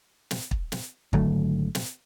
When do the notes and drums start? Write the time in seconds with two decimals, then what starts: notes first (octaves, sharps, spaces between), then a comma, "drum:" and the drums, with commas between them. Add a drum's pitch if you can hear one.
0.31 drum: snare
0.51 drum: kick
0.72 drum: snare
1.13 G#1 D3 F#3 A3, drum: kick
1.75 drum: snare